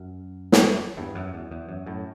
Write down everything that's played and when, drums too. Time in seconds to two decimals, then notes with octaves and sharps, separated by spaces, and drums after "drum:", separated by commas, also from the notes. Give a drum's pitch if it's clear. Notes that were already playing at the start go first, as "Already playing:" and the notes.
Already playing: F#2
0.52 drum: snare
0.97 E2 G2
1.15 F#2
1.34 E2
1.51 E2
1.69 F#2
1.86 F#2 A2